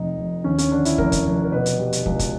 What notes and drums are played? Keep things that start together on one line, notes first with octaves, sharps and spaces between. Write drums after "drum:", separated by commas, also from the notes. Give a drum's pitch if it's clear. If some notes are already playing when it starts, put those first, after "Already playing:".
Already playing: F1 F2 C3 D#4
F1
D#2 C#4
C#4, drum: hi-hat
D3 D4
E4, drum: hi-hat
F1 A#4, drum: kick
drum: kick, hi-hat
F1
A#4
B2 B4
drum: hi-hat
G3
drum: hi-hat
C#2, drum: kick
drum: kick, hi-hat